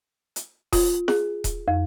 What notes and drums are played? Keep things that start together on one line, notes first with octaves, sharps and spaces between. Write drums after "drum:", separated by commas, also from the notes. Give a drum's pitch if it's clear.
drum: hi-hat
F4, drum: kick D#1, open hi-hat
G#4, drum: snare F4
drum: kick D#1, hi-hat
F2